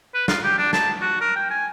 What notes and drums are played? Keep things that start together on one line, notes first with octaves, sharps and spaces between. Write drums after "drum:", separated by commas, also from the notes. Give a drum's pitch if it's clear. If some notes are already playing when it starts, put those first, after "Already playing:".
B4
F4, drum: snare
G4
D4
A5, drum: snare
F#4
A#4
G5
G#5